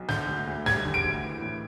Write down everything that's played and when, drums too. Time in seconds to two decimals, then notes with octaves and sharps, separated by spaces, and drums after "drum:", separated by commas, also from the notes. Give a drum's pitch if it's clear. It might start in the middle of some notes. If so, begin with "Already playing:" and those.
Already playing: B1
0.09 D3 G6, drum: snare
0.28 D2
0.47 D2
0.66 G3 G#6, drum: snare
0.85 D3, drum: kick
0.94 D7
1.04 D2, drum: kick
1.23 E3
1.42 A2